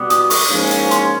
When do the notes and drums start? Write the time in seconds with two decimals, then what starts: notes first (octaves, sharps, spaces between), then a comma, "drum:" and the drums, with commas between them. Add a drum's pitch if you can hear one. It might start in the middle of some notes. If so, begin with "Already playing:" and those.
Already playing: B2 G3 B3 D6 D#6
0.10 D#6, drum: hi-hat
0.30 C#6, drum: open hi-hat
0.50 G#2 F3 A#3 C#4
0.71 drum: hi-hat
0.91 C6, drum: hi-hat